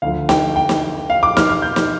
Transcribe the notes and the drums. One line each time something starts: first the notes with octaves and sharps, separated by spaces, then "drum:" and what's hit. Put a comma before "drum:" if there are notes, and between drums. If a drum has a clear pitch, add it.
D2 D3 F3 F5
G5, drum: snare
G5
drum: snare
F5
D6
F6, drum: snare
F6
G6
drum: snare